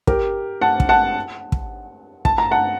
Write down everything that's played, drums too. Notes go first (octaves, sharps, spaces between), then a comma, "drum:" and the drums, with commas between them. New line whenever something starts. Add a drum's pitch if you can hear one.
G4 A#4, drum: kick
F#5 A5
drum: kick
F#5 A5
drum: kick
A5, drum: kick
A#5
F#5 A5